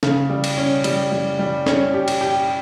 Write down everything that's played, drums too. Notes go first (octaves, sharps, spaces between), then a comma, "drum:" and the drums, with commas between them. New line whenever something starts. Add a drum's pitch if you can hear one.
C#3, drum: snare
G3
drum: cymbal
C#4
G3, drum: cymbal
G3
G3
C#4, drum: snare
G4
drum: cymbal
G4